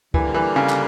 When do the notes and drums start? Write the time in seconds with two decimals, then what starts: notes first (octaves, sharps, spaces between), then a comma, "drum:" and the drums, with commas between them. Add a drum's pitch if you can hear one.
0.14 D3 E3 G3 A#3, drum: kick
0.34 E3
0.56 C#3
0.69 drum: clap